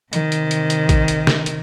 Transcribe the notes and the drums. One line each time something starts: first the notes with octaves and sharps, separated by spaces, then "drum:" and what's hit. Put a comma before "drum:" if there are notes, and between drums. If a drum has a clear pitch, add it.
C3 D#3, drum: hi-hat
drum: hi-hat
drum: hi-hat
drum: hi-hat
drum: kick A1, hi-hat
drum: hi-hat
drum: snare
drum: hi-hat